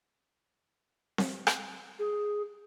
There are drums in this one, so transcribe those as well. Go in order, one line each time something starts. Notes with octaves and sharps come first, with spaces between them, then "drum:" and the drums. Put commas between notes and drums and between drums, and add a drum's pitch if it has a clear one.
drum: snare C4
drum: rim click
G#4